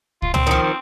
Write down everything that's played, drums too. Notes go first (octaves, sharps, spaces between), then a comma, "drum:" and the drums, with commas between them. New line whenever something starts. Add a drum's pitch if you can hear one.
F4, drum: kick C2
C4, drum: tom C#2
D#3 F3
C4